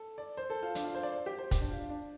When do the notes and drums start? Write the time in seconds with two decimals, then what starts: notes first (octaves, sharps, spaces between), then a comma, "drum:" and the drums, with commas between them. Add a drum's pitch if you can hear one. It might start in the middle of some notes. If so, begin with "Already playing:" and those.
Already playing: A4
0.18 D5
0.37 C5
0.50 A4
0.63 F4
0.75 D4, drum: hi-hat
0.84 F4
0.95 C5
1.03 D5
1.13 C5
1.26 G4
1.38 C5
1.51 G4, drum: kick, hi-hat
1.61 D4
1.70 F4
1.79 D4
1.89 D4